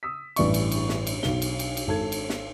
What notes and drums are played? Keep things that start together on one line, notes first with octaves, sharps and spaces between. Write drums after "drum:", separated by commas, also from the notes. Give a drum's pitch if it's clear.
D#6 E6 B6
A1 G2 E3 D5 E5 C#6, drum: cymbal
drum: cymbal
drum: cymbal
drum: snare
drum: cymbal
B1 G7, drum: snare
drum: cymbal
drum: cymbal
drum: cymbal
G#1 A4 G#6
drum: cymbal
drum: snare